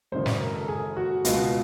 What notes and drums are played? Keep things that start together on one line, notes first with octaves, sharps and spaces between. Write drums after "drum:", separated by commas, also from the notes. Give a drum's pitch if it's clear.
G#1 F#2 C#3 E3 G#3 C5
B4, drum: snare
A#4
A4
G#4
F#4
C#2 B2 G#3 F4, drum: hi-hat